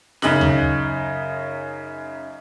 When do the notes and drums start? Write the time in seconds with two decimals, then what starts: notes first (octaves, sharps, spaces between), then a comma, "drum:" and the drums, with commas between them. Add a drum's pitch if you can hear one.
0.22 F#2 C#3 D#4 F#6 F#7, drum: snare
0.41 drum: tom D2